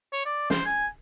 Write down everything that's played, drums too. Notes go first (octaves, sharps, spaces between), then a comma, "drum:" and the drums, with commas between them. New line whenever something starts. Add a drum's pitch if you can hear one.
C#5
D5
C5, drum: snare
G#5